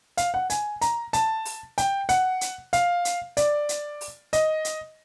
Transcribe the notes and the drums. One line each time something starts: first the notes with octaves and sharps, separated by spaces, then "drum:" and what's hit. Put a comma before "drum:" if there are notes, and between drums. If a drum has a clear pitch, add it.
F5, drum: hi-hat
F#5
G#5, drum: hi-hat
A#5, drum: hi-hat
A5, drum: hi-hat
drum: open hi-hat
G5, drum: hi-hat
F#5, drum: hi-hat
drum: hi-hat
F5, drum: hi-hat
drum: hi-hat
D5, drum: hi-hat
drum: hi-hat
drum: open hi-hat
D#5, drum: hi-hat
drum: hi-hat